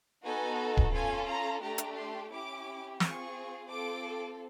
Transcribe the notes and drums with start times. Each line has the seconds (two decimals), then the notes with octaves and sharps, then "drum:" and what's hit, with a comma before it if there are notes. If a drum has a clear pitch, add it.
0.25 B3 D#4 F#4 A4 G#5
0.77 drum: kick D1
0.94 C#4 F4 A4 G#5
1.28 A#5
1.63 A3 D4 G4 A#5
1.78 drum: hi-hat
1.97 C6
2.31 C#4 E4 G4 D6
3.00 C4 F4 G#4 C#6, drum: snare
3.69 C4 F4 A4 D6